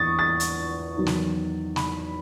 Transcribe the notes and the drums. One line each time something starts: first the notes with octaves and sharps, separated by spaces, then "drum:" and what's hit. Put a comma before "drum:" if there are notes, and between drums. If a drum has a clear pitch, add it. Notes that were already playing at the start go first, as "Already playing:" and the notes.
Already playing: E2 E3 C#6 D#6 A6
A6
drum: hi-hat
E2 D#3 F#3
drum: snare
B5, drum: snare